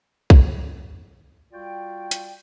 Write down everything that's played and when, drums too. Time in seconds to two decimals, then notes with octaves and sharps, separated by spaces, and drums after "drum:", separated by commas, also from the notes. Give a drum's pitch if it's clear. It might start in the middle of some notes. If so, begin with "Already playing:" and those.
0.30 drum: kick
1.52 G3 F4 F#4 D5 G5
2.11 drum: hi-hat